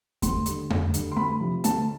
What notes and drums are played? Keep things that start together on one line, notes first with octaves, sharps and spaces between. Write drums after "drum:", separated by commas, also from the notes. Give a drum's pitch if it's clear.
D2 C6, drum: kick E2, hi-hat
D3 G3, drum: hi-hat
D2, drum: tom F2
D3 G3, drum: hi-hat
C6
D2 B5
C3 F3
D2 A5, drum: hi-hat